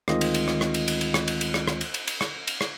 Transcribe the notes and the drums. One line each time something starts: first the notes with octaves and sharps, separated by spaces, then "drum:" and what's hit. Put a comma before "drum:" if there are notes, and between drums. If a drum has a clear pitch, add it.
D2 D#3 G#3 C4 F4 D#5, drum: rim click
drum: cymbal
drum: cymbal
drum: rim click
drum: rim click
drum: cymbal
drum: cymbal
drum: cymbal
drum: rim click
drum: cymbal
drum: cymbal
drum: rim click
drum: rim click
drum: cymbal
drum: cymbal
drum: cymbal
drum: rim click
drum: cymbal
drum: rim click